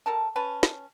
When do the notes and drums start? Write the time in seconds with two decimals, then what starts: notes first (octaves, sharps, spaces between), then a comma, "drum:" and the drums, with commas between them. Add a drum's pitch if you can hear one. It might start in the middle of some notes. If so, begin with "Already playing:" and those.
0.06 G3 A4 A#4 A5
0.36 C#4 B4 A5
0.63 drum: snare